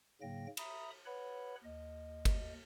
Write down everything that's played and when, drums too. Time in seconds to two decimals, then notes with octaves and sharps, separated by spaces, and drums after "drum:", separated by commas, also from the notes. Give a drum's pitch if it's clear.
0.21 G#2 C#3 F#3 A#3 G5 A#6
0.57 E5 A#5 B5 D#6, drum: cymbal
1.06 B4 C#5 F#5 B5
1.64 D#2 D#5
2.25 drum: kick G1, cymbal